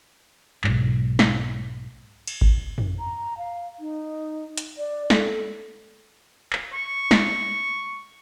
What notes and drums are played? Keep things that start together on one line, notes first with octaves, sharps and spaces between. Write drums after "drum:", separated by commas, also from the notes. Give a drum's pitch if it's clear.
B1 G#2, drum: clap
drum: snare
drum: cymbal
drum: kick G1
drum: tom F2
A#5
F5
D#4
drum: hi-hat
D5
A4, drum: snare
drum: clap
C#6
drum: snare